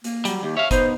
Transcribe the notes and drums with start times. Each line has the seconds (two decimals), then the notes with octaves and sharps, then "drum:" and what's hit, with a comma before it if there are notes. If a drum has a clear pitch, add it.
0.04 A#3, drum: hi-hat
0.25 F#3 G3, drum: hi-hat
0.43 D#2 G4
0.57 C#5 E5 F5
0.71 B3 D#4 C5, drum: kick F#1, hi-hat